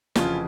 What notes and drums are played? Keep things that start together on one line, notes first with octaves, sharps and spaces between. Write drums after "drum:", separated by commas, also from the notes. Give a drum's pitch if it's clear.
F1 F2 C#3 E3 F4, drum: snare